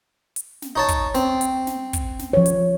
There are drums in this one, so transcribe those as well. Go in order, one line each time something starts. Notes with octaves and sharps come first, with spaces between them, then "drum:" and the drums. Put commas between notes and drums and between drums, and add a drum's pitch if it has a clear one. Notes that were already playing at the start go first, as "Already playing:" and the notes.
drum: hi-hat
drum: snare
D#4 C#5 A5
drum: kick, hi-hat
C4, drum: snare
drum: hi-hat
drum: snare
drum: kick, hi-hat
drum: snare
F3 C#5
drum: hi-hat